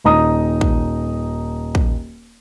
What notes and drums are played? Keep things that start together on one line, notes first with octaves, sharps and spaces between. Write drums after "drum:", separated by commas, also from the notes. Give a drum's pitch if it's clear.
D#1 D#4 A#5 D#6
drum: kick
drum: kick